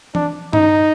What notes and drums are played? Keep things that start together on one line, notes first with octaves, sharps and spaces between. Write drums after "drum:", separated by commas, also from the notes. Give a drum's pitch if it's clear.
D4, drum: tom E3
D#4, drum: tom G2